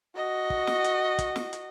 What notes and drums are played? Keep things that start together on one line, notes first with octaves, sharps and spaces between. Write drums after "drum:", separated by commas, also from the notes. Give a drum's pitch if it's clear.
F#4 D#5
drum: kick
drum: snare
drum: hi-hat
drum: kick, hi-hat
drum: snare
drum: hi-hat